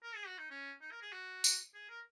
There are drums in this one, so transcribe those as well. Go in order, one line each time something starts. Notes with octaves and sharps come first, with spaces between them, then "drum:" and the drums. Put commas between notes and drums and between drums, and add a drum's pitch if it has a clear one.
A#4
G#4
F#4
D#4
C#4
D#4
A#4
G#4
F#4
drum: tambourine
G#4
A#4